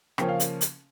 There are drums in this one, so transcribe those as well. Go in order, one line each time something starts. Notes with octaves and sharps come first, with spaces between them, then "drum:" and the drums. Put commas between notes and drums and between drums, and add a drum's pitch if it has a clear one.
C#3 F3 A#3 C#4 G5, drum: rim click
F5
drum: hi-hat
drum: hi-hat